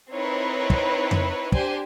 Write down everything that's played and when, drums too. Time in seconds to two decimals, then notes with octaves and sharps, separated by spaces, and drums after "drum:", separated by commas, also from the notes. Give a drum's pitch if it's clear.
0.12 C4 D#4 E4 A#4 B4 C#5
0.70 drum: kick
1.11 drum: tom F2
1.52 D4 G4 C5 G#5, drum: kick